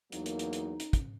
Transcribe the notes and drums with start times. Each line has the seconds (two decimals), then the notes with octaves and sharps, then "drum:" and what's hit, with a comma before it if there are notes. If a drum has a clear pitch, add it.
0.12 E2 F#3 A#3 D#4, drum: hi-hat
0.26 drum: hi-hat
0.39 drum: hi-hat
0.53 drum: hi-hat
0.80 drum: hi-hat
0.93 drum: kick, hi-hat